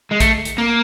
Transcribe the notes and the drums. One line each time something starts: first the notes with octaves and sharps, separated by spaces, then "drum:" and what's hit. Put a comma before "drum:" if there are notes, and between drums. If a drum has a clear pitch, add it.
G#3
A3, drum: kick A#1, hi-hat
drum: hi-hat
A#3